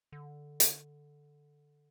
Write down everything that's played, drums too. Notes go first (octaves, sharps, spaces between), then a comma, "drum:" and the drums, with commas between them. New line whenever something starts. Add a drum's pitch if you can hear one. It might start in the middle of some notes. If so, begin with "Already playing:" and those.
D3
drum: hi-hat